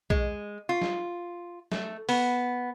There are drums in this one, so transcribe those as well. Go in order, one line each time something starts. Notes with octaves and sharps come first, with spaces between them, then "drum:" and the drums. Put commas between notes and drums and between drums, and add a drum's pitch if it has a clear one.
G#3, drum: kick B1
F4
drum: snare
A3, drum: snare
B3, drum: open hi-hat